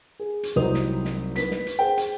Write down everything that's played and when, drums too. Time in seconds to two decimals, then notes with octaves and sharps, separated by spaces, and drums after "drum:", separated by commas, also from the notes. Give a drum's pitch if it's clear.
0.20 G#4
0.43 drum: hi-hat
0.56 C2 F#3 D#4 C5 D#6 F7
0.74 drum: snare
1.05 drum: snare
1.36 B3 B6, drum: hi-hat
1.51 drum: snare
1.66 drum: hi-hat
1.79 G#4 C5 G5
1.97 drum: hi-hat